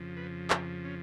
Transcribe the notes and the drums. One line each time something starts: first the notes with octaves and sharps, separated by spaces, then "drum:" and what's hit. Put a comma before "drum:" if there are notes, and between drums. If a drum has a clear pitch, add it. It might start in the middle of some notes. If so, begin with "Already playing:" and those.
Already playing: F2 C#3 F3
B4
G4, drum: clap
C#4